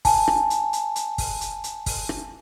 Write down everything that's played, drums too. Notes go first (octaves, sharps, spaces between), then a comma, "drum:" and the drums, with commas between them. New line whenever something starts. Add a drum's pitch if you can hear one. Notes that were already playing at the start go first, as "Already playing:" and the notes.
G#5 A5, drum: kick, open hi-hat
drum: rim click
drum: hi-hat
drum: hi-hat
drum: hi-hat
drum: kick, open hi-hat
drum: hi-hat
drum: hi-hat
drum: kick, open hi-hat
drum: rim click